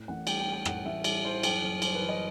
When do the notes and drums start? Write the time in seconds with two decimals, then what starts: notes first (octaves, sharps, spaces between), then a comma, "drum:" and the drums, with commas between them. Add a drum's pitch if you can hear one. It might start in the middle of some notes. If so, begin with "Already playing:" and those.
Already playing: A2
0.08 A1 F#5
0.27 G3 G5, drum: cymbal
0.40 G5
0.47 E3
0.53 G5
0.65 A2 F#5, drum: rim click
0.86 A1 E5
1.04 G3, drum: cymbal
1.24 E3 C5
1.43 F#2 G5, drum: cymbal
1.63 F#1
1.82 G3 C5, drum: cymbal
1.95 B4
2.01 E3
2.09 D#5